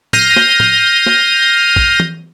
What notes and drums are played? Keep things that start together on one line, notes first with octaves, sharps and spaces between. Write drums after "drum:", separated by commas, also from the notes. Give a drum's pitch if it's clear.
F6 G6 A#6 C7 D#7, drum: tom
drum: snare
drum: tom
drum: snare
drum: kick A#1
drum: tom